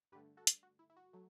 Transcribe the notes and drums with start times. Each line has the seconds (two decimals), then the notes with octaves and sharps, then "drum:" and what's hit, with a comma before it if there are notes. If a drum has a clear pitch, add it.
0.12 G2 D3 A3 G4 B4
0.37 F#4 A4
0.47 drum: hi-hat
0.63 F#4
0.79 E4
0.90 E4
0.97 F#4
1.13 F#3 A3